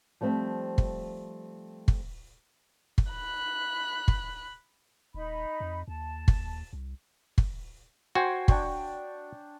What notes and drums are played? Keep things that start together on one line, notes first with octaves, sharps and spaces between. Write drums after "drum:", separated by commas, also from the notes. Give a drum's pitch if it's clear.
F3 G3 A3 C4
drum: kick
drum: kick
drum: kick
B5 F#6
drum: kick
D#1 D#4 B5
F2
D#2 A5
drum: kick
C2
drum: kick
F#4 C5 G5 G#5
D4 G5 C#6, drum: kick